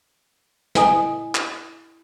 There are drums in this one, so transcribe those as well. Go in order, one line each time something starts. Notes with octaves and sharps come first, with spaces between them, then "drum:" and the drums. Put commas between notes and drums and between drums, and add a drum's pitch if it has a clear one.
E4 D#5 G#5 D#6, drum: snare
drum: clap